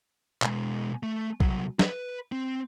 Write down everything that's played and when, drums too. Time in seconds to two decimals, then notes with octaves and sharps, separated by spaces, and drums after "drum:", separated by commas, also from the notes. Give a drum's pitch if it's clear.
0.42 B2 G#3, drum: clap
1.03 A3
1.40 C2 F#3, drum: kick
1.79 B4, drum: snare
2.32 C4